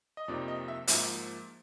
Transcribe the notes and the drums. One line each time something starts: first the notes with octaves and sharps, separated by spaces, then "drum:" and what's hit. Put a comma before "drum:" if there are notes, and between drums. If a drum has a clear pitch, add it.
D#5
F2 C3 F3 A#3 D#4 D5
D#5
E5
G#2 F3 A#3 E5, drum: hi-hat